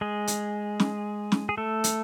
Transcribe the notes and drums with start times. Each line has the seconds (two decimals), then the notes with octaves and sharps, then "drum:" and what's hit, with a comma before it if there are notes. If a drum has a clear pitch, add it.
0.01 G#3 G#4
0.27 drum: hi-hat
0.80 drum: snare
1.32 drum: snare
1.49 G#4
1.57 A3 A4
1.84 drum: hi-hat